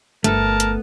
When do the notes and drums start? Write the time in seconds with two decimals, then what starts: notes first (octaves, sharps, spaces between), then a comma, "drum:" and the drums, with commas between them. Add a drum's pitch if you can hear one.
0.24 G1 A3 B3 A4 A#4 A5, drum: hi-hat
0.60 drum: hi-hat